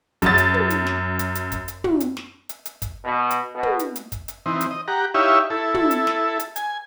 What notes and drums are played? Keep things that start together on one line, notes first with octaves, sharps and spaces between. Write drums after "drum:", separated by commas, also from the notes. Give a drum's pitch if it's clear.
F#2 A6, drum: kick, hi-hat
drum: hi-hat
drum: tom
drum: hi-hat
drum: snare
drum: hi-hat
drum: hi-hat
drum: kick, hi-hat
drum: hi-hat
drum: tom
drum: hi-hat
drum: snare
drum: hi-hat
drum: hi-hat
drum: kick, hi-hat
B2
drum: hi-hat
B2
drum: tom
drum: hi-hat
drum: hi-hat
drum: kick, hi-hat
drum: hi-hat
E3 C4 D#4
drum: hi-hat
D#5
G4 F#5 A#5
D#4 E4 G4 C#5 E5 F5
E4 A4
drum: tom
drum: hi-hat
drum: snare
drum: hi-hat
G#5, drum: hi-hat